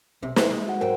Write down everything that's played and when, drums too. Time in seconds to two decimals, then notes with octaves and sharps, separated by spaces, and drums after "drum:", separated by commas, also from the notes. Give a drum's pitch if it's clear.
0.22 B1 C3
0.36 A4 C5 E5, drum: snare
0.51 G#3
0.67 F#4 F#5
0.81 G#2 F#3 A#4 C5 G5